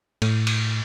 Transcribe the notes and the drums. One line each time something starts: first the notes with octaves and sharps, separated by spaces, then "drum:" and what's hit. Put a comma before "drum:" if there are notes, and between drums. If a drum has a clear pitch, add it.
A2, drum: cymbal
drum: cymbal